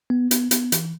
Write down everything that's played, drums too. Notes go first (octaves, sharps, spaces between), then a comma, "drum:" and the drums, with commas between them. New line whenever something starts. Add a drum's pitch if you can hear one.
B3
B3, drum: hi-hat
B3, drum: hi-hat
E3, drum: hi-hat